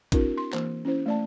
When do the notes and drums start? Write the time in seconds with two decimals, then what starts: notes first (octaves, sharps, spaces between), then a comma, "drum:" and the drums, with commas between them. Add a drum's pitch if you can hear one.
0.12 C4 D4 E4 F#4 A#4, drum: kick A1, hi-hat
0.38 C6
0.53 E3 A#3 C5, drum: clap
0.85 C#4 E4 C5
1.06 A3 D5 A5